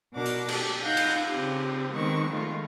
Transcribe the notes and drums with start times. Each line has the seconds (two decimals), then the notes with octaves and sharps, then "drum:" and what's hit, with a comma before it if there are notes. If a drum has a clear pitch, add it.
0.14 B2 D4 A#4 F#5 D6
0.26 drum: hi-hat
0.48 G4 A5, drum: cymbal
0.83 D#4 F5 F#5 G6 A#6
0.97 drum: cymbal
1.29 C#3 C4 G4
1.92 D#3 G#3 B3 C4 C#6
2.29 D#3 G#3 A3 F4